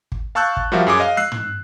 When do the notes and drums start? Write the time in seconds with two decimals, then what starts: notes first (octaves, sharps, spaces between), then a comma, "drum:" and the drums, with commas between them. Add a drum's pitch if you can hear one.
0.12 drum: kick
0.35 F5 A5 C#6 E6 F#6 G6
0.57 drum: kick
0.72 F3 G3 F#4 A#4 E5 F5
0.87 F#2 G#4 D6
1.00 D#5 F5
1.17 E6 F#6 C7, drum: snare
1.32 drum: tom